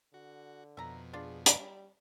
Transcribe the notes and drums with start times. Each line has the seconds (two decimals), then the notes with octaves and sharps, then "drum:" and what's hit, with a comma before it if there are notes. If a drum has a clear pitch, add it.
0.14 D3 F#4
0.77 F2 B2 E5 A#5
1.13 D4 F4 G#4
1.46 G3, drum: hi-hat